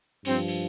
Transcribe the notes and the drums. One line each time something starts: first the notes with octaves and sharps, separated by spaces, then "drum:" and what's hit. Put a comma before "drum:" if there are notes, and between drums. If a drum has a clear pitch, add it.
G2 F3 C4, drum: cymbal
drum: cymbal